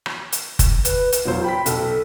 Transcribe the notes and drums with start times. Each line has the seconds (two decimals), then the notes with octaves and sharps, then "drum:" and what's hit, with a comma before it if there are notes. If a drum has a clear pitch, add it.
0.06 drum: rim click
0.32 drum: hi-hat
0.59 drum: kick F#1, hi-hat
0.85 B4, drum: hi-hat
1.12 drum: hi-hat
1.25 E1 F#3 F4 C5
1.44 G5 B5 B6
1.66 B1 A4, drum: hi-hat